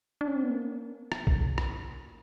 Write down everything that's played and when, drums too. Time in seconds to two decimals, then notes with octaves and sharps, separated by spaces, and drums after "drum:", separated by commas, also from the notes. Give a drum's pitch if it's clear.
0.21 D4
0.28 C#4
0.36 C4
0.43 B3
0.50 A#3
1.12 drum: rim click
1.27 drum: kick A#1
1.58 drum: rim click